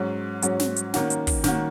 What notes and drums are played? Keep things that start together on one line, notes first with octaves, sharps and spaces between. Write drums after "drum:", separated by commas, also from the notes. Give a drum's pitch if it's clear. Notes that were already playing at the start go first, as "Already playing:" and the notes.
Already playing: G#2 F#3 C#4
G#2 F#3 C#4, drum: hi-hat
drum: snare
drum: hi-hat
D#3 A#3 C#4 F#4, drum: snare
drum: hi-hat
drum: kick, open hi-hat
D#3 A#3 C#4 F#4, drum: snare